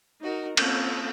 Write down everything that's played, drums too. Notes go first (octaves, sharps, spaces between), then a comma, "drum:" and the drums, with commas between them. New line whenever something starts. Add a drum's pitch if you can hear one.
D#4 F#4 A#4
A#3 C4 C#4 F4 A4, drum: cymbal